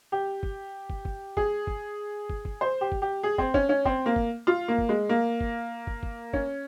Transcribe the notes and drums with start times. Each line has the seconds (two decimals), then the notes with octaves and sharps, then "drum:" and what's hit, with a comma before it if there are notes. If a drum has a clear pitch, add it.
0.12 G4
0.43 drum: kick
0.90 drum: kick
1.05 drum: kick
1.37 G#4, drum: kick
1.67 drum: kick
2.30 drum: kick
2.45 drum: kick
2.61 C5
2.81 G4
2.92 drum: kick
3.02 G4
3.23 G#4
3.38 C4, drum: kick
3.54 C#4, drum: kick
3.69 C#4
3.85 C4, drum: kick
4.06 A#3
4.16 drum: kick
4.47 F4
4.68 A#3
4.78 drum: kick
4.89 G#3
5.09 A#3
5.41 drum: kick
5.87 drum: kick
6.03 drum: kick
6.33 C#4, drum: kick